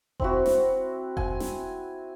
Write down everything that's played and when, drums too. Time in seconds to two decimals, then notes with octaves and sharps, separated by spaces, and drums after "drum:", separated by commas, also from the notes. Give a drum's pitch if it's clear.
0.20 C4 E4 F#4, drum: kick F1
0.46 drum: snare
1.17 G#5, drum: kick F1
1.40 drum: snare